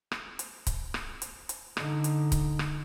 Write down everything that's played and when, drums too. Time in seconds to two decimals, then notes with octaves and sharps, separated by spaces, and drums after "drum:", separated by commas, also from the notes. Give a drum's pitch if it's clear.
0.12 drum: rim click
0.39 drum: hi-hat
0.67 drum: kick C#1, hi-hat
0.94 drum: rim click
1.22 drum: hi-hat
1.49 drum: hi-hat
1.77 D3 D#4, drum: rim click
2.04 drum: hi-hat
2.32 drum: kick C#1, hi-hat
2.59 drum: rim click